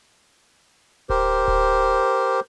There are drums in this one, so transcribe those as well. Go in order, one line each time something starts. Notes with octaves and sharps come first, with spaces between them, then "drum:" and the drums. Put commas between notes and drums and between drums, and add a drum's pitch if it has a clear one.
G4 A#4 C5, drum: kick D1
drum: kick D1